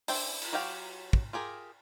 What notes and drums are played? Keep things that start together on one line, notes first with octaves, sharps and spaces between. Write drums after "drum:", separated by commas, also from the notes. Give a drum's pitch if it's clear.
D4 C5 E5 G5, drum: open hi-hat
drum: cymbal
F#3 F#4 G4 F5 G5
drum: kick
F4 G4 G#4 A#4